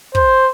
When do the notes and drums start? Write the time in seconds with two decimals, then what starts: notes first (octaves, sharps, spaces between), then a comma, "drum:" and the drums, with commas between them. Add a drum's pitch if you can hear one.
0.15 C5, drum: kick